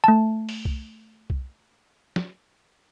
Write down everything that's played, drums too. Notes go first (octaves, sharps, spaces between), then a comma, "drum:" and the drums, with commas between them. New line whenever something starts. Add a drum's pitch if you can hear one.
A3 A5
drum: open hi-hat
drum: kick C2
drum: kick C2
drum: snare